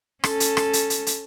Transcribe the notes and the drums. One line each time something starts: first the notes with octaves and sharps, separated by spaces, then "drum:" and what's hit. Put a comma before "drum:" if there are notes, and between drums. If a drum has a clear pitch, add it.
C#4 A4, drum: rim click
drum: hi-hat
drum: rim click
drum: hi-hat
drum: hi-hat
drum: hi-hat